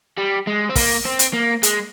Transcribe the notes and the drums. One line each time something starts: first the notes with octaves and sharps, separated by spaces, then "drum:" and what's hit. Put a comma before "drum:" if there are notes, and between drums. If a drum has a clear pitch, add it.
G3
G#3
C4
A#3, drum: kick, open hi-hat
C4
drum: hi-hat
A#3
G#3, drum: hi-hat